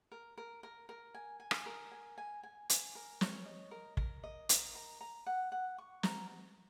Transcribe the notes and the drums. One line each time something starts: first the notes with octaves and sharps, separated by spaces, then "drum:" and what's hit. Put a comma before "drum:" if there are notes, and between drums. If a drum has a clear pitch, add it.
A#4
A#4
A#4
A#4
G#5
G#5
drum: rim click
A#4
G#5
G#5
G#5
G#5, drum: hi-hat
A#4
C#5, drum: snare
D#5
A#4
A#4, drum: kick
D#5
A#4, drum: hi-hat
A#5
A#5
F#5
F#5
C#6
A#5, drum: snare